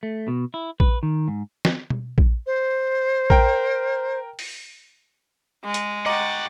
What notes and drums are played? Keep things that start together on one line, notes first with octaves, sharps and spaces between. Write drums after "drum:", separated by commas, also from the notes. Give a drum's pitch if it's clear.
A3
B2
E4
B4, drum: kick A#1
D#3
G#2
drum: snare
drum: tom B2
drum: kick A#1
C5
A#4 G5, drum: kick A#1
drum: open hi-hat
G#3
drum: hi-hat
G2 D#5 F#5 G5 A#5 C#6 D6 A6